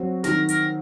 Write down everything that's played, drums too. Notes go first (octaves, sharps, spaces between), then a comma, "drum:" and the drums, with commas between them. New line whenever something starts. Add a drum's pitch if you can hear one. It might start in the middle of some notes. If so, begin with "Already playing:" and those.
Already playing: F#3 C4 F#4
D#3 A#4, drum: snare
A#4, drum: hi-hat